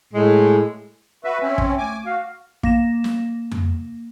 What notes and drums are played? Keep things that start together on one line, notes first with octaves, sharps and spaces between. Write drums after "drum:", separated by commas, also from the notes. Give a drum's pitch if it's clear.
A2 G#3
F#4 B4 E5
C4 C#4
drum: kick
A3 G#5 D6
F#4 F5
A#3 A#6 E7, drum: kick
drum: snare
drum: tom F2